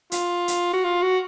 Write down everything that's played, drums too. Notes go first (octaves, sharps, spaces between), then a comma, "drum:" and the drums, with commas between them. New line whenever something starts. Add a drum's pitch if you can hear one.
F4, drum: hi-hat
drum: hi-hat
F#4
F4
F#4